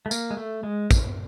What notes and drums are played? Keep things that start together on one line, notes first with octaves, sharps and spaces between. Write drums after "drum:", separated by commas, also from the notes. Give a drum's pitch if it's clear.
A3
A#3, drum: tambourine
G#3
A3
G#3
drum: kick, tambourine